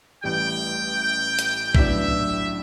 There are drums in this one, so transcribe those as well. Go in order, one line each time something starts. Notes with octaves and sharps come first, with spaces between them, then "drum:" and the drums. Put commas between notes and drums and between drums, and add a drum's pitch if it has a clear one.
A1 A2 E3 G3 G5
drum: hi-hat
A1 A2 F#3 B3 D4 E5, drum: kick A#1